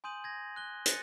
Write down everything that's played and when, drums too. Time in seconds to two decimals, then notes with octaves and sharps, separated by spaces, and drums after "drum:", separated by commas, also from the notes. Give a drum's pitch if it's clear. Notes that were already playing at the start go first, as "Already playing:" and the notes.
0.04 G#5 C6 D#6 G6 D#7 F#7
0.24 G#6 A#6
0.56 F#6 G7
0.86 F#6 A6 A#6 C#7 D#7, drum: hi-hat